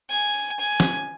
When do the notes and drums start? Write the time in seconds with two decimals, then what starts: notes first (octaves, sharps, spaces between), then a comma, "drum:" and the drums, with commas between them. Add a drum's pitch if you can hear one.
0.10 G#5
0.60 G#5
0.80 drum: snare